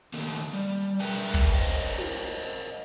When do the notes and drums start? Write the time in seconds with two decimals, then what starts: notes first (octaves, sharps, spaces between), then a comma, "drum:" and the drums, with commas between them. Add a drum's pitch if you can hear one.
0.14 D#3 A3 A#3
0.53 G3
1.00 G#4 A#4 B4 E5 G5
1.34 drum: kick
1.54 A#4 C5 C#5 D#5 F5
1.98 drum: snare